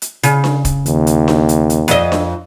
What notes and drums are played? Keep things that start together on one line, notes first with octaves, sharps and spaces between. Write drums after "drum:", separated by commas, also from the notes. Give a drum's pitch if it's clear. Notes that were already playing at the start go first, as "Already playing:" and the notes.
drum: hi-hat
C#3, drum: hi-hat
drum: snare D4
drum: kick, hi-hat
D#2, drum: hi-hat
drum: hi-hat
drum: snare D4
drum: hi-hat
drum: hi-hat
F2 D#5, drum: hi-hat
drum: snare D4